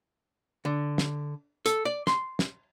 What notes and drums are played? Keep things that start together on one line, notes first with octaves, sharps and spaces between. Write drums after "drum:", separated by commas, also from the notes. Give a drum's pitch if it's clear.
D3
drum: snare
A4, drum: hi-hat
D5
C6, drum: snare
drum: snare